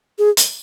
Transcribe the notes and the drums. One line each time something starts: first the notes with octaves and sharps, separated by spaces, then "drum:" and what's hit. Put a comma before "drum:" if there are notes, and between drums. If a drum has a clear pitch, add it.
G#4
drum: hi-hat